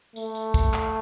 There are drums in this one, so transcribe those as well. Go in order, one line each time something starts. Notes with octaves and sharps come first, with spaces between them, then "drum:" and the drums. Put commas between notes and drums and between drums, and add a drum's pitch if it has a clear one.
A3, drum: tambourine
drum: tambourine
drum: kick, tambourine
drum: clap